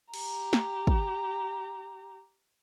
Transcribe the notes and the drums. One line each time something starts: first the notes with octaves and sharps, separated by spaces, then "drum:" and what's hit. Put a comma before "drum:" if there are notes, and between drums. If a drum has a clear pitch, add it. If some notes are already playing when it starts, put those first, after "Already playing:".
G4 A#5, drum: cymbal
drum: snare
drum: kick